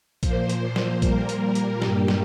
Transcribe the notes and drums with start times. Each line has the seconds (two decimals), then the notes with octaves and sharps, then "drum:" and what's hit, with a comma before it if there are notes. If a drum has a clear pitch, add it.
0.23 A#2 F3 A#3 C5, drum: kick A#1, hi-hat
0.49 drum: hi-hat
0.76 drum: snare
1.02 A#2 G3 A#3 A#4, drum: kick A#1, hi-hat
1.29 drum: hi-hat
1.55 drum: hi-hat
1.82 G2 G3 A#3 G4, drum: snare
2.08 drum: snare